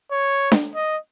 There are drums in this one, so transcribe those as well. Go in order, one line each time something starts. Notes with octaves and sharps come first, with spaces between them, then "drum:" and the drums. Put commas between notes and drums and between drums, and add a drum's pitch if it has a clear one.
C#5
drum: snare D4
D#5